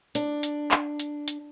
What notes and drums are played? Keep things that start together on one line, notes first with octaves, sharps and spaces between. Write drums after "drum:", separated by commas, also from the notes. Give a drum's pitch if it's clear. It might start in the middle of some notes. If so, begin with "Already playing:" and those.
D4, drum: hi-hat
drum: hi-hat
drum: clap
drum: hi-hat
drum: hi-hat